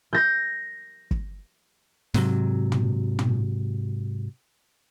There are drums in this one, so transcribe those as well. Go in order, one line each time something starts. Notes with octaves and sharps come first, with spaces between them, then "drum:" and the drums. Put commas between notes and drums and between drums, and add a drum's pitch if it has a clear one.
G6 A#6
drum: kick
G#2 C3 F#3, drum: snare
drum: tom
drum: tom